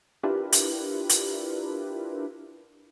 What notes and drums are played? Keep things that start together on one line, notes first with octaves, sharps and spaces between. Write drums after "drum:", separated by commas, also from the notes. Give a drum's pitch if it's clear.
D4 E4 F4 G4 A#4 B4
drum: hi-hat
drum: hi-hat